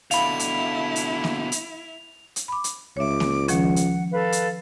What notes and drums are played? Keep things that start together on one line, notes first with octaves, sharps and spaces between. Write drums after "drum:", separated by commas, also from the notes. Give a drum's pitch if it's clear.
B2 D3 E4 F5 B5 F7, drum: hi-hat
drum: hi-hat
drum: hi-hat
drum: snare A#3
drum: hi-hat
drum: hi-hat
B5 D6
drum: hi-hat
C#2 C#5 E5 D6
drum: snare A#3
D#3 F3 C#4 F#5, drum: hi-hat
drum: hi-hat
A4 B4 F5
drum: hi-hat